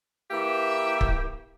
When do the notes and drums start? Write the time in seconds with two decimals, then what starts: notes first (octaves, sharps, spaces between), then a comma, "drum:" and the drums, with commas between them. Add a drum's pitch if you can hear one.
0.31 E3 A#3 G4 E5
1.01 drum: kick